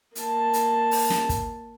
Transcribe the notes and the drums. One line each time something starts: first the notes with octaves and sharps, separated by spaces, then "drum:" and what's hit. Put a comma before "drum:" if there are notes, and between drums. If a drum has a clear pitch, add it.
A#3 A5, drum: hi-hat
drum: hi-hat
drum: open hi-hat
drum: snare
drum: kick, hi-hat